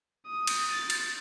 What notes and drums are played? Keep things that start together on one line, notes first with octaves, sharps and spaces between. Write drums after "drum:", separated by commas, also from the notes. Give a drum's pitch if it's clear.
D#6
drum: cymbal
A6
drum: cymbal